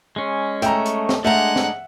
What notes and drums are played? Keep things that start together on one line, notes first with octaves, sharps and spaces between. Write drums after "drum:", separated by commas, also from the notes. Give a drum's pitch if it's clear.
G#3 C#4
A3 G5 A#5, drum: hi-hat
drum: hi-hat
drum: snare
G#3 A3 D4 E5 F#5 A#5
drum: snare